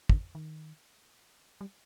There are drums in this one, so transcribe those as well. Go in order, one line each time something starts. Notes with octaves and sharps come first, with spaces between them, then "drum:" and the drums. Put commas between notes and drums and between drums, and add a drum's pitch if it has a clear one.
D3, drum: kick
D#3
G3